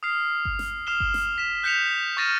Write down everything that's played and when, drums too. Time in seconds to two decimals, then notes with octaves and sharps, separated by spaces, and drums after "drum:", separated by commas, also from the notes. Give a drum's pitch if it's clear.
0.03 D#6 F6 C7
0.45 drum: kick G1
0.59 drum: snare
0.87 D#6 F6 C7 E7 G7
1.00 drum: kick G1
1.14 drum: snare
1.38 B6 E7
1.63 F#6 G6 B6 C#7 E7 F7
2.17 C#6 F6 A6 A#6 D#7 E7